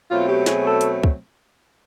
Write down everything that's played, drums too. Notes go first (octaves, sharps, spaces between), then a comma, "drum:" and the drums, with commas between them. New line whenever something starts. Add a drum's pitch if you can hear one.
B2 F#3 A3 C4 F4
G4
G#4, drum: snare
A4
drum: hi-hat
drum: kick